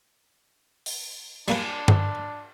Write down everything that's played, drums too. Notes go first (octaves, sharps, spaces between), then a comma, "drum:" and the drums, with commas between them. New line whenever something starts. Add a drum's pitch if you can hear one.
drum: open hi-hat
G3 A#3 D4 B4, drum: cymbal
drum: tom G2